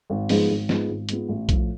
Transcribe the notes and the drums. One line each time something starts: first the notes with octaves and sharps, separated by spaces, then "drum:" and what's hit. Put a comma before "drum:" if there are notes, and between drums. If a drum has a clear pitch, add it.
G#1
G#2 F3 G#3 B3, drum: open hi-hat
G#1
G#2 G#3 B3 F4, drum: snare
G#1
G#2 G#3 B3 F4, drum: hi-hat
A1
A2 F3, drum: kick, hi-hat